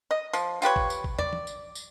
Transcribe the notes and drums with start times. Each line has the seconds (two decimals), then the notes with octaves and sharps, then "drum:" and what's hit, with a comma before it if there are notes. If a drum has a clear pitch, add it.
0.11 D#5
0.33 F3, drum: tambourine
0.62 F4 G4 B4 C#5, drum: tambourine
0.76 drum: kick
0.90 drum: tambourine
1.04 drum: kick
1.19 D5, drum: tom
1.33 drum: tom E3
1.47 drum: tambourine
1.75 drum: tambourine